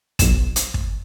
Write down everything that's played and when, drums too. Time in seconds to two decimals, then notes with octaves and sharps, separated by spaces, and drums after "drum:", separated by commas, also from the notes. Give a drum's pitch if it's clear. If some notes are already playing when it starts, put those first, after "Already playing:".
0.19 B1 E7, drum: kick, hi-hat
0.56 drum: hi-hat
0.74 drum: kick